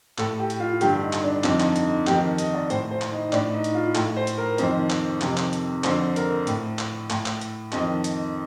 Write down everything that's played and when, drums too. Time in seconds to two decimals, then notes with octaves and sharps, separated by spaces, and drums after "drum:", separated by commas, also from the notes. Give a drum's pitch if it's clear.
0.18 A2 A4, drum: clap
0.39 G4
0.50 drum: hi-hat
0.60 F4
0.81 G2 D3 G4, drum: hi-hat
1.02 D#4
1.13 drum: clap
1.24 D4
1.44 F2 D3 D#4, drum: clap
1.60 drum: clap
1.76 D#4, drum: hi-hat
2.07 F2 D#3 G4, drum: clap
2.23 A#4
2.38 D#5, drum: hi-hat
2.54 D5
2.70 A2 C5, drum: hi-hat
2.91 C5
3.01 drum: clap
3.11 D#4
3.32 A2 D4, drum: clap
3.53 D#4
3.64 drum: hi-hat
3.75 F4
3.95 A2 A4, drum: clap
4.16 C5
4.27 drum: hi-hat
4.38 A#4
4.58 F2 D#3 C5, drum: hi-hat
4.90 drum: clap
5.21 F2 C3 D#3, drum: clap
5.37 drum: clap
5.53 drum: hi-hat
5.84 F2 D3 C5, drum: clap
6.16 A#4, drum: hi-hat
6.47 A2, drum: hi-hat
6.79 drum: clap
7.10 A2, drum: clap
7.26 drum: clap
7.41 drum: hi-hat
7.72 F2 D#3 D#5, drum: clap
8.04 drum: hi-hat